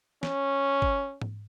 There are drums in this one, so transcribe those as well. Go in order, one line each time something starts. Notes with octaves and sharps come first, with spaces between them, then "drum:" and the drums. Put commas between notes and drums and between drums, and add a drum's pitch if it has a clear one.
C#4, drum: snare
drum: kick
drum: tom G#2